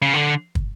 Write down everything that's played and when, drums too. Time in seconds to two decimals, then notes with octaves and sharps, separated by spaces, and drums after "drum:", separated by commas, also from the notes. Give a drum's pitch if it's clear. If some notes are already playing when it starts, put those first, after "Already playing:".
0.02 C#3
0.14 D3
0.55 drum: kick